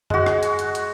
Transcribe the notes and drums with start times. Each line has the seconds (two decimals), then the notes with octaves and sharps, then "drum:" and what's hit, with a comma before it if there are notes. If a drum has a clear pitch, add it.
0.10 G#3 F#4, drum: tom F#2
0.26 drum: rim click
0.43 drum: hi-hat
0.59 drum: hi-hat
0.75 drum: hi-hat